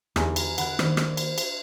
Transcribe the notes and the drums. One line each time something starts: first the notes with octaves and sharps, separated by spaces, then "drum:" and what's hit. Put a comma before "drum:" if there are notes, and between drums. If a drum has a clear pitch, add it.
E2 D3 D#4 G4 G#5 A#5, drum: rim click
drum: cymbal
D3 A#4 F#5 B5 F#6, drum: cymbal
D#3 A#3 D4 C5, drum: rim click
drum: rim click
drum: cymbal
drum: cymbal